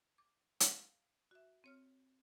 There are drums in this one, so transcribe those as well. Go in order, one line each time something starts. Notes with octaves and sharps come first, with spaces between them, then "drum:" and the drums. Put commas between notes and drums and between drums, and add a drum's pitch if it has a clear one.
D6
F5, drum: hi-hat
F#4 E5
C4 C#5 F6